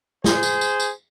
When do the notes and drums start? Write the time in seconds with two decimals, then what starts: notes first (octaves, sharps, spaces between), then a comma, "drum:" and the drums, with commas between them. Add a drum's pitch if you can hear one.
0.24 G#4 C5, drum: snare
0.43 drum: tambourine
0.61 drum: tambourine
0.80 drum: tambourine